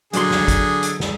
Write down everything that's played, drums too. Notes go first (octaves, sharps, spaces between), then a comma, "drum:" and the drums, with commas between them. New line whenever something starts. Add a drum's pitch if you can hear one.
D3 F#3 G#4 D5 C6, drum: hi-hat
drum: snare
drum: kick G#1, hi-hat
drum: hi-hat
drum: snare